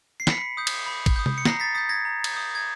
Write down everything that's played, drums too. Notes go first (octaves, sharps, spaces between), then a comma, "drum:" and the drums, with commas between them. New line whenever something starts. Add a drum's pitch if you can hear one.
C7
B5 B6 C#7, drum: snare
D#6 G6
drum: cymbal
B5
drum: kick, cymbal
D#6 G6
drum: tom C3
C#7
A#5 A#6 C7, drum: snare
A6 B6
D#6 G6 A6 B6
G#6 A#6
A#5
drum: cymbal
D#6 G6
G#6